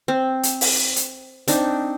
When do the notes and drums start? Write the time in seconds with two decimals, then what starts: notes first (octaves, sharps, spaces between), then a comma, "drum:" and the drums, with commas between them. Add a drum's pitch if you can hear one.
0.08 C4
0.43 drum: hi-hat
0.61 drum: open hi-hat
0.96 drum: hi-hat
1.48 C4 D4 D#4, drum: hi-hat